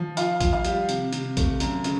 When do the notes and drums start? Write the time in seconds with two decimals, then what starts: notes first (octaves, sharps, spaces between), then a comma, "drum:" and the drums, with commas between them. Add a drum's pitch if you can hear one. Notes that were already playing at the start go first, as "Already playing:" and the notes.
Already playing: F3
0.17 F4 F5, drum: hi-hat
0.41 F4, drum: kick, hi-hat
0.53 F5
0.65 G3, drum: hi-hat
0.89 C3, drum: hi-hat
1.13 C3, drum: hi-hat
1.37 A3, drum: kick, hi-hat
1.60 F#2, drum: hi-hat
1.84 C#3, drum: hi-hat